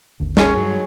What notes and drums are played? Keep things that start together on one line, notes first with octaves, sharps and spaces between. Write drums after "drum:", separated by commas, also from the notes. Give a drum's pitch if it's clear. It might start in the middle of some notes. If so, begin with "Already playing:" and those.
G#1 D#2 D3
C#4 G#4 C#5, drum: snare
G2 F#3